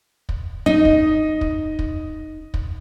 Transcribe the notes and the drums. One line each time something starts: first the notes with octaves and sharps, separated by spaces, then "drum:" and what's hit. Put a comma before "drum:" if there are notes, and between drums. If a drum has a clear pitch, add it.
drum: kick
D#4 D#5
drum: kick
drum: kick
drum: kick
drum: kick